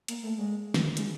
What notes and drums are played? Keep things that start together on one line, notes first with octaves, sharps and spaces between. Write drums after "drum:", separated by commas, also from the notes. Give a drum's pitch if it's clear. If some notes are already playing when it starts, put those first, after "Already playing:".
A#3, drum: hi-hat
A3
G#3
drum: snare
G#3, drum: hi-hat